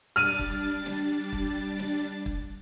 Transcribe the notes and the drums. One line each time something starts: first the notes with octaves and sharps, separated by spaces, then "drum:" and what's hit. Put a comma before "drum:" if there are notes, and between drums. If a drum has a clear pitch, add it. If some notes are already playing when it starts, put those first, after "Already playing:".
G3 D4 F6 A6 D#7
drum: kick
drum: snare
drum: kick
drum: snare
drum: kick